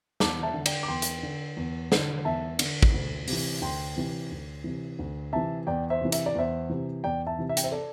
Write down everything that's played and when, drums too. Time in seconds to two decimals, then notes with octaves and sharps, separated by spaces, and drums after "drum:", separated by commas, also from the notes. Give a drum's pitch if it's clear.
0.20 E2 A5 D6, drum: snare
0.43 E5 A5
0.54 D3
0.66 D5 G5, drum: cymbal
0.83 D6
0.88 E2 G5 C6
1.02 drum: hi-hat
1.23 D3
1.57 E2
1.92 D3, drum: snare
2.25 E2 E5 A5
2.59 D3, drum: cymbal
2.83 drum: kick
2.94 D2
3.28 C3 E3, drum: open hi-hat
3.62 D2 G5 C6
3.96 C3 E3
4.31 D2
4.64 C3 E3
4.99 D2
5.33 C3 E3 E5 A5
5.67 E2 D5 G5
5.90 C5 E5
6.01 C3 E3
6.12 E5, drum: hi-hat
6.26 D5
6.35 E2 C5 E5
6.69 C3 E3
7.04 E2 D5 G5
7.27 E5 A5
7.38 C3 E3
7.49 E5
7.57 G5, drum: hi-hat
7.64 C5 E5
7.72 A4 D5